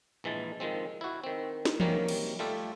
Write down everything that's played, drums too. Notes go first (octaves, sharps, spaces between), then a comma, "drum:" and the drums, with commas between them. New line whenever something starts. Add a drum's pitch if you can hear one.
A#1 E3 G#3 A5
D#3 F3 G#3 C4
E4 F#4
D#3 C4
drum: snare
C3 D#3 F#3 G3 A#3 C#4, drum: tom E3
drum: cymbal
G3 A3 F4 G4 A4